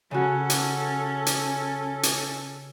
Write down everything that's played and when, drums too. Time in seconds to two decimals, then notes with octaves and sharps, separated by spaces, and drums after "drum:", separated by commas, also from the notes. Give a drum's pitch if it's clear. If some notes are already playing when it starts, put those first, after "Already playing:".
0.11 C#3 C#4 F#4 A4
0.50 drum: hi-hat
1.26 drum: hi-hat
2.03 drum: hi-hat